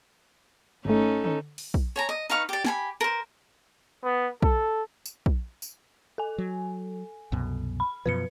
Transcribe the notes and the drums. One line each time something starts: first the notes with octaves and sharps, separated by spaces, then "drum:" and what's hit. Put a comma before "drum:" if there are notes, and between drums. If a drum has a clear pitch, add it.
G#1 A3 C#4 D#4 A4
drum: tom D3
drum: open hi-hat
drum: kick
C#5 G#5 A#5
D#5
D#4 B4 F5 C#6
G4 D5
G4 G#5 B5, drum: snare
A#4 C5
B3
A4, drum: kick
drum: tambourine
drum: kick
drum: tambourine
A4 G#5
F#3
C2 F#2 B2
B5
F#2 B2 F3 B4 C#7